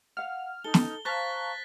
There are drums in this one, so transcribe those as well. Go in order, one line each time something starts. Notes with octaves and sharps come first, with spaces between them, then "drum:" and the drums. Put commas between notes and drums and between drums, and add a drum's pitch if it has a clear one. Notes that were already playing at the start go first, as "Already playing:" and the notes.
F5 F#5 F6
D#4 A4 G7
drum: snare
C5 F5 A5 A#5 C#6 F#6 A6 B6